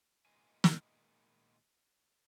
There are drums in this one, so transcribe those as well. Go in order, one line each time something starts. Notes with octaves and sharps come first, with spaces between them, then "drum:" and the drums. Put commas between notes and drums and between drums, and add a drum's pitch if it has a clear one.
A#2 D#3 G#3 B3 G#5
drum: snare